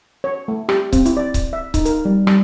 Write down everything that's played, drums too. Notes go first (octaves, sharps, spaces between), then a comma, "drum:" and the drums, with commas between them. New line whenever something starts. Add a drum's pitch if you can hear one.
C#5
A3
G4, drum: rim click
C4, drum: kick C#1, hi-hat
E4, drum: hi-hat
D5
drum: kick C#1, hi-hat
E5
D#4, drum: kick C#1, hi-hat
A#4, drum: hi-hat
G3
G3, drum: rim click